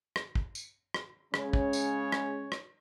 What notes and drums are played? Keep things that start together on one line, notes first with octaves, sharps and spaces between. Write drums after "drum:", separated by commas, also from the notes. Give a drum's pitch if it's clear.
drum: rim click
drum: kick
drum: tambourine
drum: rim click
C#3 G#3 C#4 C#5, drum: rim click
drum: kick
drum: tambourine
drum: rim click
drum: rim click